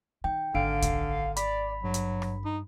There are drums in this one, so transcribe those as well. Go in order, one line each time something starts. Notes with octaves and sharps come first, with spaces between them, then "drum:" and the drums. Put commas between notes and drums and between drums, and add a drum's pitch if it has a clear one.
D#3 G5
G#1 D3 D4 F5 D7
drum: kick C2, hi-hat
D5 B5 B6, drum: hi-hat
G2 F#3
drum: hi-hat
drum: rim click
D#4